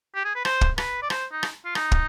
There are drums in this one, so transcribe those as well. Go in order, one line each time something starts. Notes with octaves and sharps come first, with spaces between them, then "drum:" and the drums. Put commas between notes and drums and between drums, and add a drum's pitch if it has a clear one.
G4
G#4
B4
C5, drum: rim click
drum: kick
B4, drum: rim click
D5
C5, drum: rim click
D#4
drum: rim click
F4
D#4, drum: rim click
drum: kick